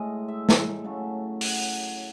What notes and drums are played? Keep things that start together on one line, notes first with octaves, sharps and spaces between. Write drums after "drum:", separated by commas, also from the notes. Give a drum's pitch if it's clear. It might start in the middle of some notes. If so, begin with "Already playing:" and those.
Already playing: A2 G#3 D#5
E5
drum: snare
C#3 F#3 A3
F#5, drum: open hi-hat